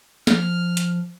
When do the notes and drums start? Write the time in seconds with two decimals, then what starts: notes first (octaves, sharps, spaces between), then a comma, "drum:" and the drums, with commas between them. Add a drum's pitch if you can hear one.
0.27 F3 F6, drum: snare
0.77 drum: hi-hat